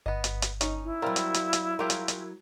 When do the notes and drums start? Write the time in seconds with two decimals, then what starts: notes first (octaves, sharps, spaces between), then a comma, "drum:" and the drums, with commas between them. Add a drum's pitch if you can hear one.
0.06 G1 B3 D#5
0.24 drum: hi-hat
0.42 drum: hi-hat
0.61 C#4 D#4, drum: hi-hat
0.84 E4
1.02 F#3 G3 C4 A#4 F5
1.16 drum: hi-hat
1.34 drum: hi-hat
1.53 drum: hi-hat
1.79 F#3 F4 G4 G#4 A#4
1.90 drum: hi-hat
2.08 drum: hi-hat